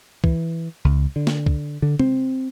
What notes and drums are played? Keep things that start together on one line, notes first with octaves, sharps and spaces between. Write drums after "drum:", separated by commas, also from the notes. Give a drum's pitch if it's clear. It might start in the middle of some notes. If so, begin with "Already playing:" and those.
E3, drum: kick
C#2
D3
drum: snare
drum: kick
D3
C4, drum: tom C3